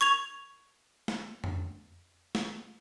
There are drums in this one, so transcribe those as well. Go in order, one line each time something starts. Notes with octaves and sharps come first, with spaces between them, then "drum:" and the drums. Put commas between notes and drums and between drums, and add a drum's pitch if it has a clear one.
C#6 G#6 F7
drum: snare
drum: tom F2
drum: snare